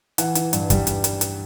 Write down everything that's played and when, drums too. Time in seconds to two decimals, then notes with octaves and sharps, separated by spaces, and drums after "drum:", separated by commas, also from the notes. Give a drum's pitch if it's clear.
0.18 E3 F#5, drum: hi-hat
0.35 E3, drum: hi-hat
0.53 G2, drum: hi-hat
0.70 G3, drum: kick, hi-hat
0.87 drum: hi-hat
1.04 drum: hi-hat
1.21 drum: hi-hat